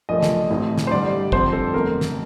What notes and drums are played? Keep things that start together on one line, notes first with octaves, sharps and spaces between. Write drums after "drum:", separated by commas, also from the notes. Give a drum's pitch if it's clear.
A#1 A#2 F3 A3 D#5
drum: snare
A1 A2 A3 C4 D#4
drum: snare
C5
G2 D3 G3 D5
F2 D3 F3 C4 C5, drum: kick
A4
G1 F2 D3 A3 A#4
drum: snare